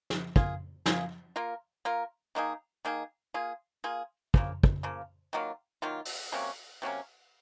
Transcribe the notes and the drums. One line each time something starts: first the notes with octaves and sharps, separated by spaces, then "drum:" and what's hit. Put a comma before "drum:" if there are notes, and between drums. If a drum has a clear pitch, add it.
drum: snare
A#3 F4 G#4, drum: kick
A#3 F4 G#4, drum: snare
A#3 F4 A#4
A#3 F4 A#4
D#3 A#3 D#4 G#4
D#3 A#3 D#4 G#4
A#3 F4 G#4
A#3 F4 G#4
C#3 F3 A#3, drum: kick
drum: kick
C#3 F3 A#3
D#3 F#3 A#3 F4
D#3 F#3 A#3 F4
drum: open hi-hat
C3 F#3 A#3 C#4
C3 F#3 A#3 C#4